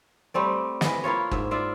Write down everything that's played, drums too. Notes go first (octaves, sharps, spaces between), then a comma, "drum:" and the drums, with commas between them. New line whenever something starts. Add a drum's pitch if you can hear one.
G3 A3 C4 D5
E3 D#5, drum: snare
A#3 E4 F4 C#5
G#2 E5, drum: kick
F4 D5 E5